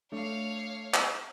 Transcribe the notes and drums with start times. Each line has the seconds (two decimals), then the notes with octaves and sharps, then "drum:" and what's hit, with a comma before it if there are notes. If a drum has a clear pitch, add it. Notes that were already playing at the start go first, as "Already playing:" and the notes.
0.12 A3 D4 C#5 F5
0.94 drum: clap